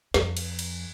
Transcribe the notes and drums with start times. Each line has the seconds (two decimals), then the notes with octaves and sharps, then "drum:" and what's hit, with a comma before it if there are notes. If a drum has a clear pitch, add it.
0.14 F2, drum: snare
0.37 drum: cymbal
0.59 drum: cymbal